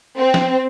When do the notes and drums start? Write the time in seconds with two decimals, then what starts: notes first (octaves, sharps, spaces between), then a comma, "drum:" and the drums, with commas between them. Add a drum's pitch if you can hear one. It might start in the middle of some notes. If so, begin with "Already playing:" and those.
0.18 C4
0.34 drum: snare